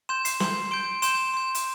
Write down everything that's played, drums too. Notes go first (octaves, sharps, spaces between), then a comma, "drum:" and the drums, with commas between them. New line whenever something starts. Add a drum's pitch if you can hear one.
C6 G6 E7
C7, drum: hi-hat
C6 G6, drum: snare
C6 G6 D7
C6 G6 E7, drum: hi-hat
C6 G6
drum: hi-hat